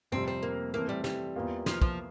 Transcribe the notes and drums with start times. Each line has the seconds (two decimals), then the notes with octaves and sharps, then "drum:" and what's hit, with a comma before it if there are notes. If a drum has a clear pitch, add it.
0.12 F2 C3 G3 C4
0.28 C4
0.43 A#3
0.74 E3 A3 A#3 C4
0.89 G3
1.04 G3, drum: snare
1.35 E2 E3 A#3 F4
1.66 F3, drum: snare
1.82 F3, drum: kick